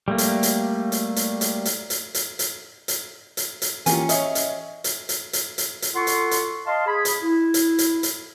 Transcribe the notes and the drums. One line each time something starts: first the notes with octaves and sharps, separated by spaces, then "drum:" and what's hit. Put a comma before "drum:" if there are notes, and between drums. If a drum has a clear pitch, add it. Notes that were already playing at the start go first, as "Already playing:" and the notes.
G3 A3 A#3
drum: hi-hat
drum: hi-hat
drum: hi-hat
drum: hi-hat
drum: hi-hat
drum: hi-hat
drum: hi-hat
drum: hi-hat
drum: hi-hat
drum: hi-hat
drum: hi-hat
drum: hi-hat
E3 A#3 C#4 F4 G4 G#5, drum: hi-hat
C#5 D#5 E5 D#6, drum: hi-hat
drum: hi-hat
drum: hi-hat
drum: hi-hat
drum: hi-hat
drum: hi-hat
drum: hi-hat
F4 A4 F#5 C6 C#6
drum: hi-hat
drum: hi-hat
D#5 F5 A5 C6
G#4 B5
drum: hi-hat
E4
drum: hi-hat
drum: hi-hat
drum: hi-hat